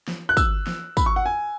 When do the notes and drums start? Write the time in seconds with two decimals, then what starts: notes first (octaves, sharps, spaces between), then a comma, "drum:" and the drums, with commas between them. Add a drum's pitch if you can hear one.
0.08 drum: snare
0.29 F#6
0.37 E6, drum: kick, tambourine
0.67 drum: snare
0.97 B5, drum: kick, tambourine
1.06 C#6
1.16 F#5
1.26 G#5